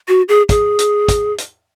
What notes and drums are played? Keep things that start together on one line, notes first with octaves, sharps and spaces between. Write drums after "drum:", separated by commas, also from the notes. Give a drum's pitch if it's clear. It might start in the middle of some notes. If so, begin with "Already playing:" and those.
F#4
G#4
G#4, drum: kick, hi-hat
drum: hi-hat
drum: kick, hi-hat
drum: hi-hat